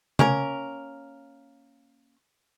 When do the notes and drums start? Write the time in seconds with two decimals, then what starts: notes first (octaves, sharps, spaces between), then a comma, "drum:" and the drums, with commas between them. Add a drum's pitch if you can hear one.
0.19 A#3 C#4 A#4, drum: tom C#3